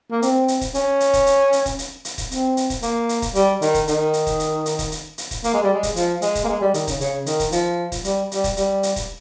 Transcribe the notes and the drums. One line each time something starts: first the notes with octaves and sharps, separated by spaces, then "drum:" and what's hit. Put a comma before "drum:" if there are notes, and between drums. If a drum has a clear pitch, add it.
A#3
C4, drum: hi-hat
drum: hi-hat
drum: kick D#1, hi-hat
C#4, drum: hi-hat
drum: hi-hat
drum: kick D#1, hi-hat
drum: hi-hat
drum: hi-hat
drum: kick D#1, hi-hat
drum: hi-hat
drum: hi-hat
drum: kick D#1, hi-hat
C4, drum: hi-hat
drum: hi-hat
drum: kick D#1, hi-hat
A#3, drum: hi-hat
drum: hi-hat
drum: kick D#1, hi-hat
G3, drum: hi-hat
D#3, drum: hi-hat
drum: kick D#1, hi-hat
D#3, drum: hi-hat
drum: hi-hat
drum: kick D#1, hi-hat
drum: hi-hat
drum: hi-hat
drum: kick D#1, hi-hat
drum: hi-hat
drum: hi-hat
drum: kick D#1, hi-hat
A#3, drum: hi-hat
G#3
G3
G#3
drum: kick D#1, hi-hat
F3, drum: hi-hat
G#3, drum: hi-hat
drum: kick D#1, hi-hat
A#3
G#3
G3
D#3, drum: hi-hat
C#3, drum: kick D#1, hi-hat
C#3, drum: hi-hat
D#3, drum: hi-hat
drum: kick D#1, hi-hat
F3, drum: hi-hat
drum: kick D#1, hi-hat
G3, drum: hi-hat
G3, drum: hi-hat
drum: kick D#1, hi-hat
G3, drum: hi-hat
drum: hi-hat
drum: kick D#1, hi-hat